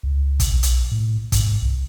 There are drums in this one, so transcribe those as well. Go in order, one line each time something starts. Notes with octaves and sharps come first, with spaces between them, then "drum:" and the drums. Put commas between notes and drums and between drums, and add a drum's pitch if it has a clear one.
C#2
drum: kick, hi-hat
B1
drum: hi-hat
A2
G#2, drum: kick, hi-hat
C2